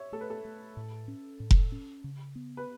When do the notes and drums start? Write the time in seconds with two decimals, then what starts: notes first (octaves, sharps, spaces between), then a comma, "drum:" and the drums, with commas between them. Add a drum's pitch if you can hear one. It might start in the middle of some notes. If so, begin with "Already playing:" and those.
Already playing: C#5 E5
0.12 A3 A4
0.21 B4
0.30 A4
0.45 A3
0.77 A2
1.08 C#4
1.40 A2
1.51 drum: kick F1
1.72 C#4
2.04 C#3
2.35 B3
2.57 B4